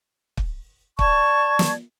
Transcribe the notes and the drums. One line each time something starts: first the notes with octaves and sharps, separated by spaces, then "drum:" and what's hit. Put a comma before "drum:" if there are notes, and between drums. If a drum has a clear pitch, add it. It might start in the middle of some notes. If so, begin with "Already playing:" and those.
drum: kick
D5 A5 C#6 G#6, drum: kick
drum: snare